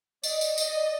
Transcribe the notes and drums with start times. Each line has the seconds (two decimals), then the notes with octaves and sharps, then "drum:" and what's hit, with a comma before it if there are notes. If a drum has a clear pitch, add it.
0.23 D5 D#5, drum: tambourine
0.41 D#5, drum: tambourine
0.58 D5 D#5, drum: tambourine
0.80 D5